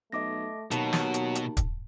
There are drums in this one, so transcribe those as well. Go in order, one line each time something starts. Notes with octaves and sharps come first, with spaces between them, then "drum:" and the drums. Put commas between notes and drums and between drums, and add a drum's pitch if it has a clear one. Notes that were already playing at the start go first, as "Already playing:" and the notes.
B1 A3 D#5 D6 A#6
D#2 B2 F#3 A5, drum: hi-hat
drum: snare
drum: hi-hat
drum: hi-hat
drum: kick, hi-hat